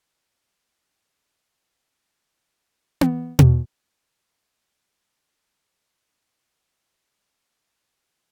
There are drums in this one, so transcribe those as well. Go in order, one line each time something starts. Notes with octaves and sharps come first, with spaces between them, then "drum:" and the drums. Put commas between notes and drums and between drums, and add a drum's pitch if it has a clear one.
G4 B4 C#5 D5 F5
drum: tom B3
drum: tom B2
C#4 G#4 C5
C#4
A#3 G#4
F#3 G3
C#3 E3 G#3 C#4 F#4 G4
C#3 G3 A3 F4 F#4
G2 E5
A#4 F5 D6
B2 F#3 G3 D#4 A4
A3 C#5